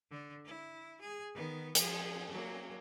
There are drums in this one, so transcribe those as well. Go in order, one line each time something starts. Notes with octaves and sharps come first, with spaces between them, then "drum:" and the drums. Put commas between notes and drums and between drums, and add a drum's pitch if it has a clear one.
D3
E4
G#4
D#3 B3
F3 G#4, drum: hi-hat
F#3 A#3